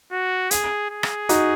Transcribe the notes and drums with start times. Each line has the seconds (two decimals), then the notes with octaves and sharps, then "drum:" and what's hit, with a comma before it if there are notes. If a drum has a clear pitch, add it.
0.12 F#4
0.51 G#4, drum: hi-hat
0.90 G#4
1.03 drum: rim click
1.29 D#4 F#4, drum: hi-hat